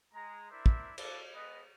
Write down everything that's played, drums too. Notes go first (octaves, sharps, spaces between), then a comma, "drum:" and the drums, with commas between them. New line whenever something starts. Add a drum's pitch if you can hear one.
G#3 A#5
D4 E4 A#4 C5 D5 E5
drum: kick
E4 A4 B4 D5, drum: cymbal
G#3 B3 B4 D#5